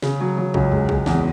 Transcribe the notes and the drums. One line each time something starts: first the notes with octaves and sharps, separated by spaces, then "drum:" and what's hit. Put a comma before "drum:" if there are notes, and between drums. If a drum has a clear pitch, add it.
C#3, drum: snare
F#3
F#3
C#2, drum: kick
G#3, drum: tom E2
G#3, drum: kick
E2, drum: snare